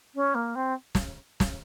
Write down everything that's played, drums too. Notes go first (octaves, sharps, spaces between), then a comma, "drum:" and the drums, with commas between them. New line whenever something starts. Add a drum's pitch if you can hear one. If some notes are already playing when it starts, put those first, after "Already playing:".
C#4
A#3
C4
drum: snare
drum: snare